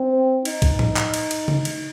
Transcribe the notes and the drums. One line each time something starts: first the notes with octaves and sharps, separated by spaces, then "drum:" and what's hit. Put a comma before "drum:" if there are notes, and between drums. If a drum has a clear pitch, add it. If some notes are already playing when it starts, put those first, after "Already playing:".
Already playing: C4
D#4, drum: cymbal
drum: kick B1, cymbal
drum: tom A2
drum: clap
drum: cymbal
drum: cymbal
drum: tom C#3
drum: cymbal